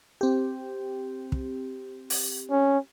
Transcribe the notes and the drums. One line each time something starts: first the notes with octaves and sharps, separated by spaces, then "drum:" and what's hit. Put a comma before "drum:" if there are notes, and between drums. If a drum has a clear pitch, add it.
C4 G4
drum: kick
drum: open hi-hat
C#4